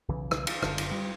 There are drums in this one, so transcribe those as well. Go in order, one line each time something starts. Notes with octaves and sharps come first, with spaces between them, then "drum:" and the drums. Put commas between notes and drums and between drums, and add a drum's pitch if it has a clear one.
B1 C#3 E3
drum: rim click
drum: cymbal
F#1 D3, drum: rim click
drum: cymbal
G3